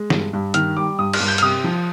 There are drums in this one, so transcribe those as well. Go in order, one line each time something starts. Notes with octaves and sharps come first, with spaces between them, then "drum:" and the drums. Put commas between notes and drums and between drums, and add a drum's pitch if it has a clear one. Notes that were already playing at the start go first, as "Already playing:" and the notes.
Already playing: G#3
G2, drum: snare
G2
D#3 F6, drum: hi-hat
G3 D6
G2 D#6
F6, drum: cymbal
G2
G6
F6, drum: hi-hat
C3 D#6
F3